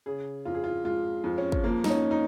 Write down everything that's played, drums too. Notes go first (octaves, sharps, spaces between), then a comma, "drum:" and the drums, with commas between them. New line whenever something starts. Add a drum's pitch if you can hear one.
C#3 G#4
F2 F4
G#4
F4
G#3 F4
F2
C#4
drum: kick
F3 A#3
D#4, drum: snare G3
C#4
D#4